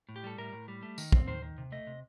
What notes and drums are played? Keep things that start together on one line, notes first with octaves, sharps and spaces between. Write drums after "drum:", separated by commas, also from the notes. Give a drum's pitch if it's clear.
A2
G4
G3 A4
A2 A#4
A2
G3
A3
D#3, drum: tambourine
C4, drum: kick
D#3 C5
D#3
C3
A3 D#5
C3